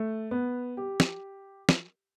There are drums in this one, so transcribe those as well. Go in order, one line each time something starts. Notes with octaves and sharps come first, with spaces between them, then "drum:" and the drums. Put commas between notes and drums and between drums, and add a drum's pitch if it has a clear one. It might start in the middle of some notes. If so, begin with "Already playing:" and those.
Already playing: A3
B3
G4
drum: snare
drum: snare